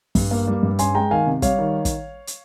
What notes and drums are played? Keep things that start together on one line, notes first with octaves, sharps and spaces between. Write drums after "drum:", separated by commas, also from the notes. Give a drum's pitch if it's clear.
G2, drum: kick, open hi-hat
A#3
G3
G2
C#4 G#5 C6, drum: hi-hat
G#3 G5 A#5
D#3 F5 G#5
C3
G3 C#5 F5, drum: kick, hi-hat
D#3
drum: kick, hi-hat
drum: hi-hat